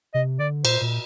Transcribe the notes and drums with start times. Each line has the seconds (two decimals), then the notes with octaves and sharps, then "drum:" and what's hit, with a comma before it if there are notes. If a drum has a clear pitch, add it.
0.14 C3 D#5
0.39 D3 D5
0.65 A#2 C5, drum: cymbal
0.81 A#2